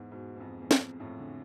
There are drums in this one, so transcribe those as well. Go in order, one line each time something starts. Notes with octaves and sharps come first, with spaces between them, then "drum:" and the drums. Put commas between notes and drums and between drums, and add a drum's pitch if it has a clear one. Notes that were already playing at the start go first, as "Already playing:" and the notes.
Already playing: E2 G#2
G#2 B2
E2
F2
E2
F2, drum: snare
F2 A2
D3